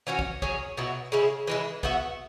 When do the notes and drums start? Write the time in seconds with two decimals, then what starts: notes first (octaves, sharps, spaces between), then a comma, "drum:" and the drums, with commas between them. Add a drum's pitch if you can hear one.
0.07 E3 C#4 F#4 C#5
0.19 drum: kick
0.42 F#3 C#4 G#4 C#5, drum: kick
0.77 B2 F#3 E4
1.12 C#3 G#3 E4
1.47 E3 G#3 E4
1.83 B3 F#4 E5, drum: kick